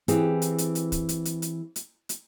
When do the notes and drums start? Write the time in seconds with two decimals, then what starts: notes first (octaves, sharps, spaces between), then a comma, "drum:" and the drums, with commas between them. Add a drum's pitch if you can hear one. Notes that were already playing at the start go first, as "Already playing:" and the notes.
0.08 E3 C4 G4 G#4, drum: hi-hat
0.42 drum: hi-hat
0.58 drum: hi-hat
0.75 drum: hi-hat
0.92 drum: kick, hi-hat
1.09 drum: hi-hat
1.25 drum: hi-hat
1.42 drum: hi-hat
1.76 drum: hi-hat
2.09 drum: hi-hat